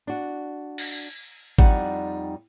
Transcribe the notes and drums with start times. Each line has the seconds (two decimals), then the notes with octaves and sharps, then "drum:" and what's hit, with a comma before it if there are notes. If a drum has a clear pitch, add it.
0.07 D4 F#4
0.78 drum: cymbal
1.59 F2 G3 D#4 G4 D5 F#5, drum: kick G#1